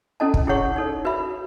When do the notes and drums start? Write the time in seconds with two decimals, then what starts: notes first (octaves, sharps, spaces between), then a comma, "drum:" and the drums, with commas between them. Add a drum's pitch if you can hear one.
0.20 C#4 E4 A4 D#5 A5
0.34 drum: kick
0.47 E4 G#4 C#5 F#5 C#6
0.76 D#4 A4 C#5
1.05 F#4 B4 E5 B5